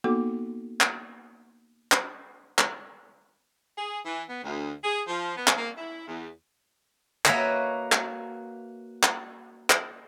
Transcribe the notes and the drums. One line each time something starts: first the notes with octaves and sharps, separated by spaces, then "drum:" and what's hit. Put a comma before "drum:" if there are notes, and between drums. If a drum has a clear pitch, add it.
A#3 B3 D#4 F#4 A4 D6
drum: clap
drum: clap
drum: clap
G#4
E3
B3
D2
G#4
F3
B3
drum: clap
A#3
E4
E2
A#3 F#4 B4 C#5 D#5 E5, drum: clap
drum: clap
drum: clap
drum: clap